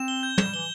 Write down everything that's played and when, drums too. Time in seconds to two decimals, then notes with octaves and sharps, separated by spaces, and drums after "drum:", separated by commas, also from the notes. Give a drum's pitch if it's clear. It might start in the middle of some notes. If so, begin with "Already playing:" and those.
Already playing: C4 E7
0.08 G7
0.23 G6
0.38 G3 E7, drum: tom
0.53 E3 G7